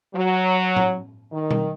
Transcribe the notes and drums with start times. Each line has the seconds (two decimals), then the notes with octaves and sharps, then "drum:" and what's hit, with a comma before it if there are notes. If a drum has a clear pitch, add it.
0.14 F#3
0.76 drum: tom A2
1.32 D#3
1.51 drum: tom